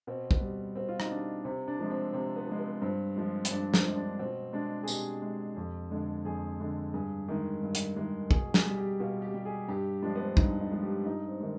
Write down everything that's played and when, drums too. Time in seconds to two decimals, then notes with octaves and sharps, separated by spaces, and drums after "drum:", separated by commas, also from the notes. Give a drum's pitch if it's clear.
0.07 B2 C4
0.31 B3, drum: kick
0.41 G3
0.75 B2 C4
0.89 F4
1.00 D#4, drum: rim click
1.10 G3 D4
1.45 C3 C4
1.68 D4
1.79 F3 G#3
1.90 C4
2.13 C3 C4
2.36 B3
2.47 F3 G#3
2.59 B3
2.81 G2 C4
3.16 F3 G#3
3.45 C4, drum: hi-hat
3.51 G2 D4
3.74 C4, drum: snare
3.84 F3 G#3
3.96 D4
4.19 B2 C4
4.53 G#3 D4
4.83 G#4
4.88 B2 G4, drum: tambourine
5.22 G#3
5.56 F2
5.91 D3 G#3
6.25 F2 G#4
6.60 D3 G#3
6.93 G2 G#4
7.28 D#3 G#3
7.63 G2
7.75 drum: hi-hat
7.96 D#3 G#3
8.31 B2 G#4, drum: kick
8.54 G#4, drum: snare
8.66 G3
8.77 G4
9.00 B2 F4
9.22 G4
9.34 G3
9.45 G#4
9.68 G2 G4
10.02 F3 G#3 D4
10.15 B3
10.20 C4
10.37 G2 D#4, drum: kick
10.60 D#4
10.71 F3 G#3
10.83 G4
11.05 G2 D#4
11.28 C4
11.40 D#3 G#3